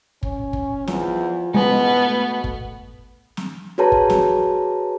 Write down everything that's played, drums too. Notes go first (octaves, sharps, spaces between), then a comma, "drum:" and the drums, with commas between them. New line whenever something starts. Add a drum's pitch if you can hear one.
C#4, drum: kick
drum: kick
E2 F3, drum: snare
E1 B2 G#3 B3
A3
drum: kick
drum: snare
F#4 G#4 B4 C#5 A5 A#5
drum: kick
drum: snare